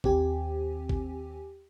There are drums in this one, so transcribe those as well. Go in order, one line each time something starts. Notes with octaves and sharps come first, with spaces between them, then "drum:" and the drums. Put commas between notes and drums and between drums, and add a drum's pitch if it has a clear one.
D#2 C4 G4 G#5, drum: kick G#1
drum: kick G#1